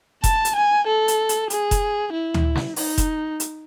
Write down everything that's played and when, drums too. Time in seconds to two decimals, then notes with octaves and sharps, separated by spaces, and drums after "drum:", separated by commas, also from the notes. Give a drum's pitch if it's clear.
0.24 A5, drum: kick F1, hi-hat
0.45 drum: hi-hat
0.55 G#5
0.87 A4
1.08 drum: hi-hat
1.29 drum: hi-hat
1.50 G#4, drum: hi-hat
1.71 drum: kick F1, hi-hat
2.13 E4
2.34 drum: tom D2
2.55 drum: snare
2.76 D#4, drum: open hi-hat
2.98 drum: kick F1, hi-hat
3.40 drum: hi-hat